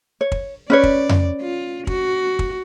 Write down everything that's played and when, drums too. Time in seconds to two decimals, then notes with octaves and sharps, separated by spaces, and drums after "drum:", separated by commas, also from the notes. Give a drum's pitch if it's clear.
0.21 C#5
0.32 drum: kick
0.70 C#4 B4 C#5 D5
0.83 drum: kick
1.09 drum: tom F2
1.41 F4
1.87 F#4, drum: kick
2.39 drum: kick